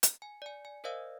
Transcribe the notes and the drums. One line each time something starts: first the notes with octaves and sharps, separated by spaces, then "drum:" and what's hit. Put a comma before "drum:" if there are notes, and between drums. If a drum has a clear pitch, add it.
drum: hi-hat
G#5
D5 G#5
G#5
A#4 C5 D5 D#5 F5 E6